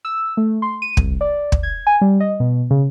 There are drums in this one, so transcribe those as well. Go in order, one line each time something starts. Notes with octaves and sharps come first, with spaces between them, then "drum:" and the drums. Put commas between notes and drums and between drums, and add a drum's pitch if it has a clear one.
E6
A3
C6
D#7
C2, drum: kick
D5
drum: kick
G#6
G#5
G3
D#5
B2
C#3